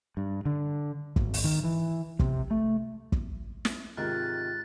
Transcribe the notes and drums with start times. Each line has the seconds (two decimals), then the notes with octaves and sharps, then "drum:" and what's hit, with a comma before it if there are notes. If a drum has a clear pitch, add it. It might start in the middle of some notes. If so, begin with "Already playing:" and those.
0.17 G2
0.45 D3
1.16 G#1, drum: kick
1.34 drum: open hi-hat
1.44 D#3
1.63 E3
2.19 C3, drum: kick
2.51 A3
3.12 drum: kick
3.65 drum: snare
3.97 G#2 C3 D#3 F4 F#6 A6